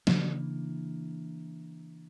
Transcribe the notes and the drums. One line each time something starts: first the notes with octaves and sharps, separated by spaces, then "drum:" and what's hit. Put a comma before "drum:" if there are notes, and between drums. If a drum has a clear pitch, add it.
C#3 E3 A#3 D4, drum: snare